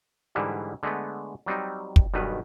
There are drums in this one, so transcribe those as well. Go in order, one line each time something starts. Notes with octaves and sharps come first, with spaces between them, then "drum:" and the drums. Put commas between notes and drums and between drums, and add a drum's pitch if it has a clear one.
G#2 D3 E3 G3 E4
D3 G#3 A3 B3
F#3 G3 C4 D#4
drum: kick
B1 G2 B2 D#3 B4